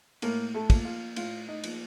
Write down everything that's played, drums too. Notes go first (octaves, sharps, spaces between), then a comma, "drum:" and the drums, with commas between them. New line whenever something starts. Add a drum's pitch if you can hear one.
A2 A#3 A#4, drum: cymbal
A3 A4
F3 A#3, drum: kick, cymbal
F4
A2 F4, drum: cymbal
D#4
F3 A#3, drum: cymbal